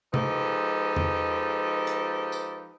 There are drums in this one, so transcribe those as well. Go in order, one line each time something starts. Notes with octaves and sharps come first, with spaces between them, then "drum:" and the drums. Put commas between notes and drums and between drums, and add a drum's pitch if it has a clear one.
F3 G#3 D#4 G4 A4 B4, drum: tom C3
drum: tom E2
drum: hi-hat
drum: tambourine